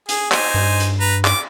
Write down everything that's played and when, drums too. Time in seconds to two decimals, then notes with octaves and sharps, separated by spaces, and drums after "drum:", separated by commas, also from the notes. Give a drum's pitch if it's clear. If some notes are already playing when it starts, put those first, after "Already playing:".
0.09 G#4, drum: hi-hat
0.32 D#4 C5 G#5, drum: clap
0.54 G2
0.80 drum: hi-hat
1.00 B4 A#5
1.25 D6, drum: clap